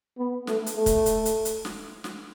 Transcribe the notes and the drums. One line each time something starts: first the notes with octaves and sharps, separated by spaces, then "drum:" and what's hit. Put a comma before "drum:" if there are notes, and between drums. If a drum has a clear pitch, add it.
B3
A3, drum: snare
drum: hi-hat
A3
drum: kick, hi-hat
drum: hi-hat
drum: hi-hat
drum: hi-hat
drum: snare
drum: snare